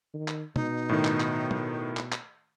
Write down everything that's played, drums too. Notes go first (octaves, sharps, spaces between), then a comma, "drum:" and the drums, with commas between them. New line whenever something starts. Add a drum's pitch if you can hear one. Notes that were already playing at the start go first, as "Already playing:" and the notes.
D#3
drum: clap
B2 D#4, drum: tom
A2 D#3
drum: clap
drum: clap
drum: tom
drum: clap
drum: clap